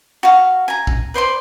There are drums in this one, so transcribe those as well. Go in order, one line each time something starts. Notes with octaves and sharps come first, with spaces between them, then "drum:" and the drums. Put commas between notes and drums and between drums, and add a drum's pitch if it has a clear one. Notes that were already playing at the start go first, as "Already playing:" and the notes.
F#4 F5
G#5 A#5
drum: kick A1
B4 C5 D5 C6